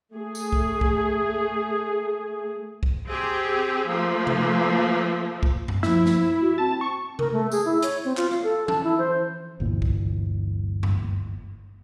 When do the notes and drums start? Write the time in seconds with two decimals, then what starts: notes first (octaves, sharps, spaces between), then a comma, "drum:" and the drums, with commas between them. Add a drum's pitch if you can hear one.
0.13 A3 G#4
0.35 drum: tambourine
0.52 drum: kick C2
0.81 drum: kick C2
2.83 drum: kick C2
3.07 C4 G4 G#4
3.87 F3 A3 A#3
4.27 drum: tom C3
5.43 drum: kick C2
5.68 drum: tom F#2
5.83 F3 E4, drum: snare
6.06 drum: snare
6.41 F#4
6.58 C4 A5
6.81 C#6
7.19 A#4, drum: tom C3
7.33 A3
7.52 G#4, drum: tambourine
7.65 E4
7.82 C#5, drum: hi-hat
8.05 C4
8.17 F4, drum: clap
8.31 F5, drum: rim click
8.44 A4
8.68 A5, drum: tom E3
8.84 E4
8.98 C5
9.60 G1 D2 A#2 E3
9.82 drum: kick C2
10.83 drum: tom F#2